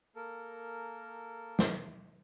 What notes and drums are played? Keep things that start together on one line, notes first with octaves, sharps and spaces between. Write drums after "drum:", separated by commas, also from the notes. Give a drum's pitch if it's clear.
A#3 A4 A#4
drum: snare